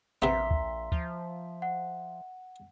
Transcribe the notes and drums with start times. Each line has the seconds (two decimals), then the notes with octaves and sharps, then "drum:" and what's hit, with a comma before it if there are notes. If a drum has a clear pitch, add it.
0.22 A#1 C3 B3 E5 A#5 C6 B6
0.51 drum: kick
0.92 F3, drum: kick
1.62 F#5